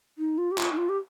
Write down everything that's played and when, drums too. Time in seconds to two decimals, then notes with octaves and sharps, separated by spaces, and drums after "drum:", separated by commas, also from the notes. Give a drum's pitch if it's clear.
0.18 D#4
0.38 F4
0.52 G4
0.58 F4, drum: clap
0.72 D#4
0.78 F4
0.89 G4